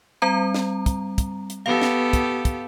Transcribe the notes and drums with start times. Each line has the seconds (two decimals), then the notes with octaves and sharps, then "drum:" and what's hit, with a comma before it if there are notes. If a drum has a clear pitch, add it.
0.22 G3 C4 A#5
0.54 drum: snare
0.86 drum: kick, hi-hat
1.18 drum: kick, hi-hat
1.50 drum: hi-hat
1.66 B3 G4 A4 F5
1.82 drum: snare
2.13 drum: kick, hi-hat
2.45 drum: kick, hi-hat